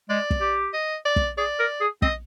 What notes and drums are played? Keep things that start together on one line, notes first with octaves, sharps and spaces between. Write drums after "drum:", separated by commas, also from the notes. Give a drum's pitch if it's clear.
G#3 D5
drum: kick
G4
D#5
D5
drum: kick
G#4 D5
A#4
G#4
C4 D#5, drum: kick